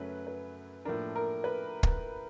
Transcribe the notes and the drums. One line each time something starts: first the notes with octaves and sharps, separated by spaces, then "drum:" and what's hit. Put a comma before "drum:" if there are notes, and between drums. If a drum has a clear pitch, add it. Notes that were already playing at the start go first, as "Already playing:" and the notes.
Already playing: F#2 C#3 F#3 A3 C#4 B4
B4
A2 F3 A#3 D4 A#4
A#4
B4
drum: kick